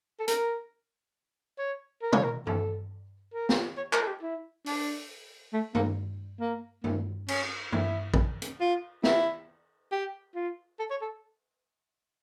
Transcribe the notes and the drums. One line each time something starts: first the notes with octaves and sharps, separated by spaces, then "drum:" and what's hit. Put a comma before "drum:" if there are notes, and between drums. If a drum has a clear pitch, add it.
A4
A#4, drum: hi-hat
C#5
A#4
C#5, drum: tom B2
A#4
A4, drum: tom G2
A#4
drum: snare
C#5
A#4, drum: clap
A4
G4
E4
D4, drum: open hi-hat
A3
A#3, drum: tom G2
A#3
A#3, drum: tom G2
C#4, drum: cymbal
E4, drum: tom G2
drum: kick
drum: hi-hat
F4
E4, drum: snare
G4
F4
A4
C#5
A4